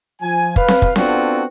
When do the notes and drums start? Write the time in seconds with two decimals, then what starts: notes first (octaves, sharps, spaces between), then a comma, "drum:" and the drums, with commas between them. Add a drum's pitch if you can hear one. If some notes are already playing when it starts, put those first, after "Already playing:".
0.21 F3 G#5
0.56 B4 F5, drum: kick
0.68 drum: snare C4
0.82 drum: kick
0.96 B3 C4 D4 F4 F#4 A4, drum: snare C4